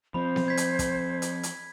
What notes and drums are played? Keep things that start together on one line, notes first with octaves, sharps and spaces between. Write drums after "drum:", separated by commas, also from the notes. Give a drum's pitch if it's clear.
F3 C4 C5 B5
drum: snare B3
G#6 B6
drum: hi-hat
drum: kick, hi-hat
drum: hi-hat
drum: hi-hat